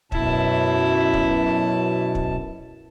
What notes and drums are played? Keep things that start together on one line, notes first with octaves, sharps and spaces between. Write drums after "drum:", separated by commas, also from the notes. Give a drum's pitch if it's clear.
F#2 B2 E4 A5, drum: kick
drum: kick
drum: kick